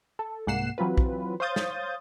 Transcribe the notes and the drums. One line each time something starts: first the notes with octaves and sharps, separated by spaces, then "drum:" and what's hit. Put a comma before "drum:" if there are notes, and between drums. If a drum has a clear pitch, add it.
A4
C2 G#2 A#3 F#5 C7 E7
E3 F#3 C4 F4 B4
drum: kick
C5 C#5 F5 D#6 G6 A6
drum: snare